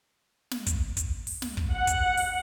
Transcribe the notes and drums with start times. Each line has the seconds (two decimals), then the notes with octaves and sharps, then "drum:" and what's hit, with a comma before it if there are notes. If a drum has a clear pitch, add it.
0.51 drum: snare
0.66 drum: kick, hi-hat
0.97 drum: kick, hi-hat
1.27 drum: open hi-hat
1.42 drum: snare
1.57 drum: kick
1.72 F#5
1.87 drum: kick, hi-hat
2.17 drum: open hi-hat